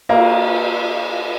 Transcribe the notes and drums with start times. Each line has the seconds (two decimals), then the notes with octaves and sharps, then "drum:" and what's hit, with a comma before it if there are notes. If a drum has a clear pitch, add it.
0.09 A#3, drum: cymbal